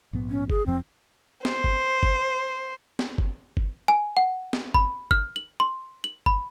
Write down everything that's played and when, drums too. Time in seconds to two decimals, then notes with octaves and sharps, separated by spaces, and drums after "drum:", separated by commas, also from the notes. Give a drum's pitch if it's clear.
0.13 A#1 G#2 B3
0.30 C#4
0.50 G#4, drum: kick G1
0.66 F1 F2 F3 C4
1.45 C5, drum: snare
1.64 drum: kick G1
2.03 drum: kick G1
2.99 drum: snare
3.18 drum: kick G1
3.57 drum: kick G1
3.88 G#5
4.17 F#5
4.53 drum: snare
4.74 B5, drum: kick G1
5.11 F6, drum: kick G1
5.36 F#7
5.60 C6
6.04 F#7
6.26 B5, drum: kick G1